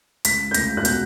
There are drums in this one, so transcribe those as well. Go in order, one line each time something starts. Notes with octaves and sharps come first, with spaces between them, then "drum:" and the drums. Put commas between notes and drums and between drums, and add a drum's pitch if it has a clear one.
C#2 B6, drum: hi-hat
G6
C#2 A#6, drum: hi-hat
F#6
B2 G6, drum: hi-hat